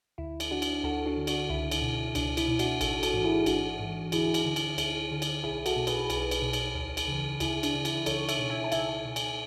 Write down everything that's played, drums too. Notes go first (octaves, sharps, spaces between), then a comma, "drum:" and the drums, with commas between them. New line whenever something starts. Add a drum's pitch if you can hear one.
D2 E4
drum: cymbal
D3 D4 F#4
drum: cymbal
D2 F#4 A4
D4 F#4
D3
D4 F#4, drum: cymbal
C#2 E4
drum: cymbal
B2
C#2 D4, drum: cymbal
E4, drum: cymbal
B2
D4 F#4, drum: cymbal
A1 F#4 A4, drum: cymbal
F#4 A4, drum: cymbal
G#2 E3
E4 G#4
A1 D4 F#4, drum: cymbal
G#2 E3
D2 E4 G#4, drum: cymbal
drum: cymbal
D3
drum: cymbal
D2, drum: cymbal
D3
drum: cymbal
B1 E4 G#4
F#4 A4, drum: cymbal
B2
G#4 B4, drum: cymbal
B1, drum: cymbal
drum: cymbal
B2
drum: cymbal
D2
drum: cymbal
C#3 E3
D2 E4 G#4, drum: cymbal
D4, drum: cymbal
C#3 E3
E4, drum: cymbal
C#2 A4 C#5, drum: cymbal
C#5 E5, drum: cymbal
B2
E5 G#5
A5
C#2 E5 G#5, drum: cymbal
B2
drum: cymbal